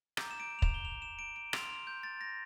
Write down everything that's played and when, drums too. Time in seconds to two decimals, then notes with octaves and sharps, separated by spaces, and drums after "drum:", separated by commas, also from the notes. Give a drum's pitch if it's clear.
0.17 A#5 D6 G6, drum: rim click
0.31 E7
0.40 D7
0.59 F7
0.62 E7, drum: kick
0.74 G7
0.85 F7
1.02 E7
1.19 D7
1.36 D7
1.53 C6 F6 F7, drum: rim click
1.70 F7
1.87 G6
2.03 A6
2.21 A#6